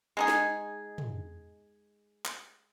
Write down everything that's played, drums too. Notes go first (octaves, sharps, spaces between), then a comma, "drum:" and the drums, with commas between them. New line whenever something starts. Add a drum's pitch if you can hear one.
G#3 D#4 G#4
drum: snare
drum: tom
drum: clap